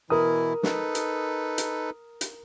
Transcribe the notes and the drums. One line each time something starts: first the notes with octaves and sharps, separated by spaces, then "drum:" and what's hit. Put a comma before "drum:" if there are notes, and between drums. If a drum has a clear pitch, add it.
B2 E3 E4 A#4 D#6
D#4 A4 B4, drum: snare
drum: hi-hat
drum: hi-hat
drum: hi-hat